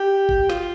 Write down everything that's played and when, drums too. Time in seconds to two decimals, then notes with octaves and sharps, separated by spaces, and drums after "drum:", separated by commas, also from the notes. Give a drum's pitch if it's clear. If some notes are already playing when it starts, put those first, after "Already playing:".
Already playing: G4
0.29 drum: kick F#1
0.50 F4, drum: snare